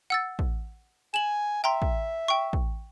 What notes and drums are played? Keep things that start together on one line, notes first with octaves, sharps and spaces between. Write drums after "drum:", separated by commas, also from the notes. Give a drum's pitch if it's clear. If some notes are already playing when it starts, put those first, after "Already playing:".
F#5 E6 A6
drum: kick
G#5 E7 F#7
E5 G5 A#5 C6
drum: kick
G5 C#6
drum: kick